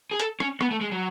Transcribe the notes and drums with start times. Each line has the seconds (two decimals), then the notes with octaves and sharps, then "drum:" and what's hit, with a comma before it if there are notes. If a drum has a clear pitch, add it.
0.11 G#4
0.20 A4, drum: hi-hat
0.40 C#4, drum: rim click
0.61 B3, drum: rim click
0.71 A3
0.81 G#3
0.91 F#3